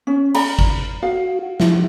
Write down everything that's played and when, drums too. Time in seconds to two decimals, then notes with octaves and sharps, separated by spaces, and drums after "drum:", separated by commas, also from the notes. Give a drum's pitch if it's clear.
0.07 C#4
0.34 D5 A#5 B5, drum: cymbal
0.59 drum: kick
1.03 F#4 F5
1.60 F3 E4, drum: snare